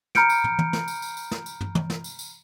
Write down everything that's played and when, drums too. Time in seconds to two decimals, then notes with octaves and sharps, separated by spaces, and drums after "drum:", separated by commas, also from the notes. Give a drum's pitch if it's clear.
0.15 A#5 B5 F6 G6 C#7 D7, drum: snare
0.29 drum: tambourine
0.44 drum: tom
0.59 drum: tom
0.73 drum: snare
0.88 drum: tambourine
1.02 drum: tambourine
1.17 drum: tambourine
1.31 drum: snare
1.46 drum: tambourine
1.61 drum: tom
1.75 drum: tom
1.90 drum: snare
2.04 drum: tambourine
2.19 drum: tambourine